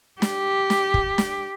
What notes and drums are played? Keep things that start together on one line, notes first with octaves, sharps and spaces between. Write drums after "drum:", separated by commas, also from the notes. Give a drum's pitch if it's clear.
G4, drum: snare
drum: snare
drum: kick
drum: snare